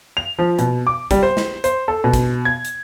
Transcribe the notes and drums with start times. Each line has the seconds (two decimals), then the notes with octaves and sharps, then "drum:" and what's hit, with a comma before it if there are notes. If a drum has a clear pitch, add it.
0.17 F7
0.39 F3
0.59 B2, drum: hi-hat
0.87 D6
1.11 G3, drum: kick, hi-hat
1.23 C5
1.37 drum: snare
1.64 C5, drum: hi-hat
1.88 A4
2.04 B2
2.14 drum: kick, hi-hat
2.45 G#6
2.65 drum: hi-hat